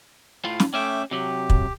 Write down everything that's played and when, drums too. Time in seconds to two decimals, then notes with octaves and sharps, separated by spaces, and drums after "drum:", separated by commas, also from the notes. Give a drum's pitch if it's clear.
0.45 A2 F4
0.60 drum: snare
0.74 A3 C#4 E5 G5 D6
1.11 C3 F#3 G4
1.50 drum: kick